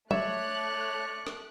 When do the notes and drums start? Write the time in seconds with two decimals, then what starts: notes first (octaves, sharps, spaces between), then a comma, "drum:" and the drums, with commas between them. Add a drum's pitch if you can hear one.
0.11 A3 C#5 D5 E5 C#6 F#6, drum: tom F#3
1.27 drum: rim click